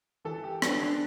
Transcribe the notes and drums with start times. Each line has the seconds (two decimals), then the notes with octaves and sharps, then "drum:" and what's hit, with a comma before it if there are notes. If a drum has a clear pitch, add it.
0.25 E3 A4
0.44 G4
0.62 B3 D4, drum: rim click
0.82 D4